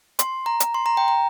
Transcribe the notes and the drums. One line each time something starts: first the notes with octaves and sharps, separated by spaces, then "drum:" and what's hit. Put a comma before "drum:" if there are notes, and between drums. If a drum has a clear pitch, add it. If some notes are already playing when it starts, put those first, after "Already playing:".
C6, drum: hi-hat
A#5
drum: hi-hat
C6
A#5
G5
A#5